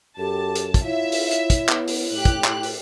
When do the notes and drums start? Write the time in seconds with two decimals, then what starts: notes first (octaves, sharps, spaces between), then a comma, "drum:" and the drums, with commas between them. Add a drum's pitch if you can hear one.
0.18 F#2 G4 A4 A5
0.55 drum: hi-hat
0.74 drum: kick, hi-hat
0.85 E4 F4 C#5 E5
1.12 drum: open hi-hat
1.31 drum: hi-hat
1.50 drum: kick, hi-hat
1.69 B3, drum: clap
1.88 drum: open hi-hat
2.12 A2 G4 F#6
2.25 drum: kick, hi-hat
2.44 drum: clap
2.63 drum: open hi-hat